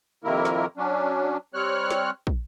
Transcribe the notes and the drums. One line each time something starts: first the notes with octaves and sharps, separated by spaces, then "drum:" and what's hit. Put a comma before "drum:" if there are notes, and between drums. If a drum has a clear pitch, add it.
F2 C3 D#3 A#3 E4 A#4
drum: snare
F#3 C#4 D4
G3 C4 C#5 F6 F#6
drum: snare
drum: kick